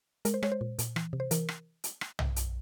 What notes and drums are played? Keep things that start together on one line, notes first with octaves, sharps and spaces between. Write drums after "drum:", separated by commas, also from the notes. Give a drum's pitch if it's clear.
G#3 A#4, drum: hi-hat
C5
G#3 C#5, drum: rim click
C5
A#2
A#2, drum: hi-hat
E3, drum: rim click
C3
C5
E3 A#4, drum: hi-hat
drum: rim click
drum: hi-hat
drum: rim click
drum: tom
drum: hi-hat